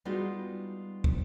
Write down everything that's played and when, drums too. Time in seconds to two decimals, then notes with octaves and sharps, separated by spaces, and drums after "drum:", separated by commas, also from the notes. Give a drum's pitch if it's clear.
0.05 G3 G#3 B3 D#4 F4 F#4
1.04 drum: kick